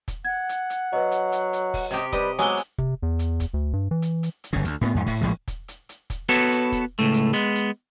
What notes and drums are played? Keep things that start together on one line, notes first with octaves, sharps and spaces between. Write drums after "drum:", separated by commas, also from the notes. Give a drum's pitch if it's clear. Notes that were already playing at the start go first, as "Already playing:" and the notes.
drum: kick, hi-hat
F#5 G#6
drum: hi-hat
drum: hi-hat
F#3 B4 D#5
drum: hi-hat
drum: hi-hat
drum: hi-hat
drum: kick, open hi-hat
C3 G4 D#5
G3 B4 D#5, drum: kick, hi-hat
F#3 G#3 B3 G#5 D6 E6 G7, drum: hi-hat
drum: hi-hat
C3, drum: kick
E2
drum: hi-hat
drum: kick, hi-hat
D2
G2
E3
drum: hi-hat
drum: hi-hat
drum: hi-hat
G1 C#3
D2, drum: hi-hat
A2 A3 B3
F2 G#2
A2, drum: kick, open hi-hat
A#1 A2 F3 G#3
drum: kick, hi-hat
drum: hi-hat
drum: hi-hat
drum: kick, hi-hat
B3 F#4 A4 B4 C#5, drum: hi-hat
drum: hi-hat
drum: kick, hi-hat
C#2 A2 A3
drum: hi-hat
G#3 B3, drum: hi-hat
drum: hi-hat